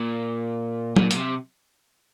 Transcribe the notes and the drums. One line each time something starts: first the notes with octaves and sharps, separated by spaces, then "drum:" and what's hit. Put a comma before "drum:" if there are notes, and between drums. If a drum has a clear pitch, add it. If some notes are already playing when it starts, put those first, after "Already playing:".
Already playing: A#2
A#2, drum: tom
A#2, drum: hi-hat
C3